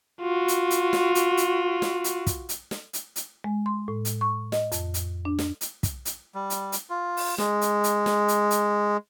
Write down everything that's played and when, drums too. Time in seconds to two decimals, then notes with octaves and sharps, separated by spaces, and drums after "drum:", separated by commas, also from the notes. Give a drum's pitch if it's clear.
0.21 F4 F#4
0.48 drum: hi-hat
0.71 drum: hi-hat
0.93 drum: snare
1.15 drum: hi-hat
1.37 drum: hi-hat
1.82 drum: snare
2.04 drum: hi-hat
2.27 drum: kick, hi-hat
2.49 drum: hi-hat
2.71 drum: snare
2.93 drum: hi-hat
3.16 drum: hi-hat
3.44 G#3
3.66 C6
3.88 A2
4.05 drum: hi-hat
4.21 C#6
4.52 D#5, drum: snare
4.72 F2, drum: hi-hat
4.94 drum: hi-hat
5.25 D4
5.39 drum: snare
5.61 drum: hi-hat
5.83 drum: kick, hi-hat
6.05 drum: hi-hat
6.35 G3
6.50 drum: hi-hat
6.72 drum: hi-hat
6.90 F4
7.17 drum: open hi-hat
7.38 G#3, drum: snare
7.61 drum: hi-hat
7.84 drum: hi-hat
8.06 drum: snare
8.28 drum: hi-hat
8.51 drum: hi-hat